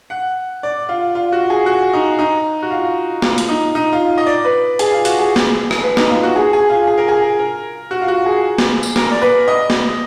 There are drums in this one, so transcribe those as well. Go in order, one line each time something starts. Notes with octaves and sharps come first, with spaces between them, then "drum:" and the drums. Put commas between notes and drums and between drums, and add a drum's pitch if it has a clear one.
F#5
D5
F4
F4
F#4
G#4
F#4
D#4
D#4
F#4
F4
F4, drum: snare
drum: hi-hat
D#4
D#4
F4
D#5
D5
B4
G#4, drum: hi-hat
F4
F#4, drum: hi-hat
G#4
drum: snare
drum: rim click
B4
D#4, drum: snare
F4
F#4
G#4
G#4
F4
G#4
A#4
G#4
A#4
F#4
F4
F#4
G#4
drum: snare
drum: tambourine
A#4, drum: snare
D5
B4
D#5
drum: snare